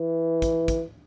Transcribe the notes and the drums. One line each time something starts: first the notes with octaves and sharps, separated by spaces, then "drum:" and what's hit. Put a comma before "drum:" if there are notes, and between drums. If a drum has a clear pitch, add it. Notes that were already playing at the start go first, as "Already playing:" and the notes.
Already playing: E3
drum: kick, hi-hat
drum: kick, hi-hat